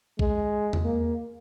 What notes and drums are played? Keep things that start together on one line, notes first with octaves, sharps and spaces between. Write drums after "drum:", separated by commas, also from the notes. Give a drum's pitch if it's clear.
G#3, drum: kick A#1
drum: tom E2
A#3